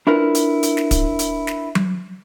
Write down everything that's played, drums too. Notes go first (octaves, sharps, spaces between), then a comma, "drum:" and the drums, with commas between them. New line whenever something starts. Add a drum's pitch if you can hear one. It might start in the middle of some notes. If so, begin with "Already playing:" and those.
D4 E4 F4 A#4 B4
drum: hi-hat
drum: hi-hat
drum: snare
drum: kick, hi-hat
drum: hi-hat
drum: snare
drum: tom F#3